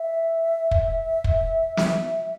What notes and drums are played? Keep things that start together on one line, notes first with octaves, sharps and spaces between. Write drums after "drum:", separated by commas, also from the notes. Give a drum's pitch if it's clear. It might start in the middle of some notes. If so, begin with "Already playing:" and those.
Already playing: E5
drum: kick
drum: kick
drum: snare